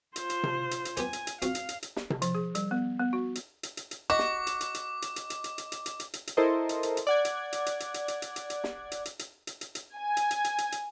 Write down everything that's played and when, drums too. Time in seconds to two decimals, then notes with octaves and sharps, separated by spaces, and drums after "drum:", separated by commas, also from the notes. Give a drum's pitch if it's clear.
0.16 F4 C5, drum: hi-hat
0.30 drum: hi-hat
0.43 drum: tom C3
0.71 drum: hi-hat
0.85 drum: hi-hat
0.97 B3 G4 C5 G#5, drum: hi-hat
1.13 drum: hi-hat
1.27 drum: hi-hat
1.42 C4 F4 F#4 F5, drum: hi-hat
1.55 drum: hi-hat
1.69 drum: hi-hat
1.83 drum: hi-hat
1.96 drum: snare
2.10 drum: tom C3
2.22 F3, drum: hi-hat
2.35 G#4
2.55 G3, drum: hi-hat
2.71 B3
2.99 B3
3.13 F#4
3.35 drum: hi-hat
3.63 drum: hi-hat
3.77 drum: hi-hat
3.91 drum: hi-hat
4.10 F#4 D#5 D6
4.19 drum: snare
4.47 drum: hi-hat
4.61 drum: hi-hat
4.74 drum: hi-hat
5.02 drum: hi-hat
5.16 drum: hi-hat
5.30 drum: hi-hat
5.44 drum: hi-hat
5.58 drum: hi-hat
5.72 drum: hi-hat
5.86 drum: hi-hat
6.00 drum: hi-hat
6.13 drum: hi-hat
6.27 drum: hi-hat
6.37 E4 A4 A#4 C5 D#5
6.69 drum: hi-hat
6.83 drum: hi-hat
6.97 drum: hi-hat
7.07 D5 F#5 G#6
7.25 drum: hi-hat
7.53 drum: hi-hat
7.66 drum: hi-hat
7.80 drum: hi-hat
7.94 drum: hi-hat
8.08 drum: hi-hat
8.22 drum: hi-hat
8.36 drum: hi-hat
8.50 drum: hi-hat
8.64 drum: snare
8.92 drum: hi-hat
9.05 drum: hi-hat
9.19 drum: hi-hat
9.47 drum: hi-hat
9.61 drum: hi-hat
9.75 drum: hi-hat
9.95 G#5
10.17 drum: hi-hat
10.31 drum: hi-hat
10.44 drum: hi-hat
10.58 drum: hi-hat
10.72 drum: hi-hat